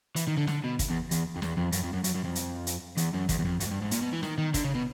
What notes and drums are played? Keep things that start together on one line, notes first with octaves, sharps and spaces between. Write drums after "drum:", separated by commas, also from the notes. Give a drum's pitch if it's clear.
E3, drum: hi-hat
D#3
D3
D3, drum: snare
B2
drum: kick, hi-hat
E2
E2, drum: hi-hat
F2
E2, drum: snare
F2
F#2, drum: hi-hat
F2
F#2
F#2, drum: hi-hat
F#2
F2
drum: hi-hat
drum: hi-hat
E2, drum: hi-hat
F#2
E2, drum: kick, hi-hat
E2
F2
F#2, drum: hi-hat
G#2
G2
G#2
A#2, drum: hi-hat
B2
E3
D#3, drum: snare
D#3
D3, drum: kick, hi-hat
C#3
B2